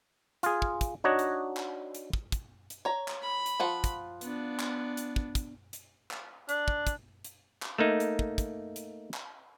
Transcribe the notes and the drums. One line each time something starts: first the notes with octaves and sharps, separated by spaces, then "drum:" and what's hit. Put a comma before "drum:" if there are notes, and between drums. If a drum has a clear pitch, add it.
F4 G#4, drum: hi-hat
drum: kick
drum: kick, hi-hat
D4 D#4 F#4 C#5 D#5
drum: hi-hat
drum: clap
drum: hi-hat
drum: kick
drum: kick, hi-hat
drum: hi-hat
C#5 A#5
drum: clap
B5
drum: hi-hat
F3 F4 F#5
drum: kick, hi-hat
B3 D4, drum: hi-hat
drum: clap
drum: hi-hat
drum: kick
drum: kick, hi-hat
drum: hi-hat
drum: clap
D4, drum: hi-hat
drum: kick
drum: kick, hi-hat
drum: hi-hat
drum: clap
A3 A#3 D#4
drum: hi-hat
drum: kick
drum: kick, hi-hat
drum: hi-hat
drum: clap